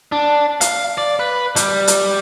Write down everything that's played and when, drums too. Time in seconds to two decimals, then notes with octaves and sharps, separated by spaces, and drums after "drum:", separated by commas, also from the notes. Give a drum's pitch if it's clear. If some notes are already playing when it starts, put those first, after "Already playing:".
0.12 D4
0.61 F5, drum: hi-hat
0.98 D5
1.20 B4
1.56 G3, drum: hi-hat
1.88 drum: hi-hat